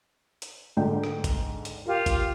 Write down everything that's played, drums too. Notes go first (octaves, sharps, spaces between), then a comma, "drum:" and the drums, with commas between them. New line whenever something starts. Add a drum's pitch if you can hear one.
drum: hi-hat
G#2 D3 G5
drum: rim click
drum: kick G#1, hi-hat
drum: hi-hat
F4 G4 A#4
drum: kick G#1, hi-hat